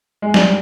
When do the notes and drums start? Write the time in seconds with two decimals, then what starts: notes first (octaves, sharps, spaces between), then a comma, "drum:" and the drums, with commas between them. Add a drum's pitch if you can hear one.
0.22 G#3
0.34 G3, drum: snare